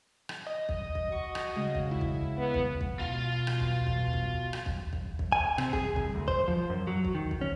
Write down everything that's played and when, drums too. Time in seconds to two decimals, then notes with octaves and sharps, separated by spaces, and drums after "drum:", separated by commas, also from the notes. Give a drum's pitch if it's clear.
0.29 drum: rim click
0.47 D#5
0.69 drum: kick
0.95 drum: kick
1.12 F#4 C#6
1.35 drum: rim click
1.56 C#3 G#3
1.75 drum: kick
1.91 E4
2.01 drum: kick
2.37 B3
2.54 drum: kick
2.81 drum: kick
2.99 B2 F4 F5
3.47 drum: rim click
3.60 drum: kick
3.87 drum: kick
4.13 drum: kick
4.53 drum: rim click
4.66 drum: kick
4.93 drum: kick
5.19 drum: kick
5.32 G#5
5.58 C3, drum: rim click
5.73 G#4, drum: kick
5.96 C2, drum: kick
6.15 D2
6.28 C5, drum: kick
6.48 F3
6.70 F#2
6.87 F#3
7.05 drum: kick
7.15 D#3
7.31 drum: kick
7.41 C#4